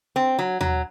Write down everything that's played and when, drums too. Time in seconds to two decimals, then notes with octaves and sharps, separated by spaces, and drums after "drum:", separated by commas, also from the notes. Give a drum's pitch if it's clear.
0.16 C4
0.39 F#3
0.61 F#3, drum: tom D#2